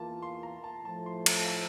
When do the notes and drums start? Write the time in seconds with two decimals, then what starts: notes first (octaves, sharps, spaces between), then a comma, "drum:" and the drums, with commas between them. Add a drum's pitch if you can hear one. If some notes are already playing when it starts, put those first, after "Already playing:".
Already playing: E2 E3 A#3 F4 A5
0.22 C6
0.43 A#5
0.64 A5
0.85 A2 F3 A3 A5
1.06 C6
1.26 A#5, drum: cymbal
1.37 A5
1.47 A#5